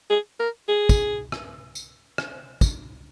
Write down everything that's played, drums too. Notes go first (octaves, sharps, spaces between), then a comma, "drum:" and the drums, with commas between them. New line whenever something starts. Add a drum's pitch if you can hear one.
G#4
A#4
G#4
drum: kick, tambourine
drum: rim click
drum: tambourine
drum: rim click
drum: kick, tambourine